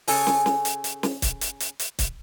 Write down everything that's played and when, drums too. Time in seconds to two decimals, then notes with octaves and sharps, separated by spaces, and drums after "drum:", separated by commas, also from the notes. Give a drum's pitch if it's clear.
0.08 C#3 A4 C#5 G#5, drum: open hi-hat
0.27 drum: snare
0.46 drum: snare
0.65 drum: hi-hat
0.84 drum: hi-hat
1.03 drum: snare
1.22 drum: kick C#1, hi-hat
1.41 drum: hi-hat
1.60 drum: hi-hat
1.80 drum: hi-hat
1.99 drum: kick C#1, hi-hat